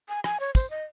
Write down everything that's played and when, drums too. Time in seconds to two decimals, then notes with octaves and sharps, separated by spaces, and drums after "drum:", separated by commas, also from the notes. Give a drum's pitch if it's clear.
0.09 G#5
0.24 G#5, drum: rim click
0.40 C#5
0.55 C5, drum: kick, tambourine
0.70 D#5